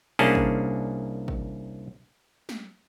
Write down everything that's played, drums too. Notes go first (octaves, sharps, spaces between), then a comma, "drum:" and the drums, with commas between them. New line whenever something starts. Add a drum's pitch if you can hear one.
C2 A#3 C#4 D4 G#4 A5, drum: open hi-hat
drum: kick
drum: kick
drum: snare